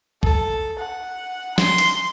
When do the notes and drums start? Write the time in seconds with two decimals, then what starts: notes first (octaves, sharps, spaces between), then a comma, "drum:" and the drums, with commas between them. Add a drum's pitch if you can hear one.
0.23 A4, drum: kick
0.79 F#5
1.58 C6, drum: snare
1.78 drum: hi-hat